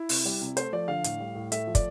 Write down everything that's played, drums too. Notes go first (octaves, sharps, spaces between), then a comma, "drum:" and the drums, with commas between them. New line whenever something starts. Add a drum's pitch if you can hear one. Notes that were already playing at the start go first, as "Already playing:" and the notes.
Already playing: E4
C3, drum: open hi-hat
G3
C3
A3 C5, drum: hi-hat
F3 D5
D3 F5
A2, drum: hi-hat
G3
A2
A3 E5, drum: hi-hat
F3
D5, drum: kick, hi-hat